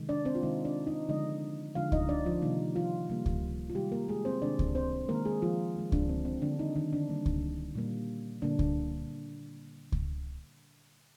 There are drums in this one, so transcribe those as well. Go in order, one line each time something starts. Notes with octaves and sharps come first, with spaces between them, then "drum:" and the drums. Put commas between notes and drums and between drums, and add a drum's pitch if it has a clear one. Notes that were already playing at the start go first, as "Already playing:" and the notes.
Already playing: C3 D#3 G#3
D4 D5
C4 C5
F4
C3 D#3 G#3 D#4
D4 D5
D#4 D#5
D3 F3 G#3 D#4 D#5
D3 F3 G#3 F4 F5
D#4 D#5, drum: kick C#2
D4 D5
F3 F4
C3 D#3 G3 A#3 D#4
F3 F4
C3 G3 A#3
drum: kick C#2
F4
C3 D#3 G3 G#3 G4
A#3 A#4
G#3 G#4
C4 C5
C3 D#3 G#3 D4 D5
drum: kick C#2
C4 C5
D#3 G#3 A#3 A#4
G#3 G#4
F3 F4
D#3 G#3
D3 D4, drum: kick C#2
C4
C4
D3 G3 A#3 D4
D#3 D#4
D#3 D#4
D3 D4
D3 G3 A#3
drum: kick C#2
A#2 G3 A#3
A#2 D3 G3 A#3 D4
drum: kick C#2
drum: kick C#2